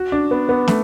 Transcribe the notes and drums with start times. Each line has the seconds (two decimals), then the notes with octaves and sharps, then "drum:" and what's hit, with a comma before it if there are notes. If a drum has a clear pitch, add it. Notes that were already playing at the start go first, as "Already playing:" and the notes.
Already playing: F#4
0.12 D4
0.31 B3
0.49 B3
0.68 A3, drum: snare